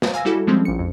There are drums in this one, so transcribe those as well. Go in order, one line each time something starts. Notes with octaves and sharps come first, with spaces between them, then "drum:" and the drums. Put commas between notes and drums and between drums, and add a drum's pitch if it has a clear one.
drum: snare
F5 G#5 E6 A#6
G3 E4 F#4 A4
F3 G3 G#3 C4 C#4
A#1 C#7
F2